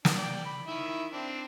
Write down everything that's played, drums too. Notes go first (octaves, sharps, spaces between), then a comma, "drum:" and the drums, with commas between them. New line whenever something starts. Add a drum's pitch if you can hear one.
D4, drum: snare
D5 G5
B5
D#3 E4 E5
C4 D4